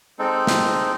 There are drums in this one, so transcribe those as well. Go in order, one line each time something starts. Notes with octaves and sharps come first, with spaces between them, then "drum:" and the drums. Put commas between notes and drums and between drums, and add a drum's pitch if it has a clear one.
G#3 C4 D#4 A4
drum: snare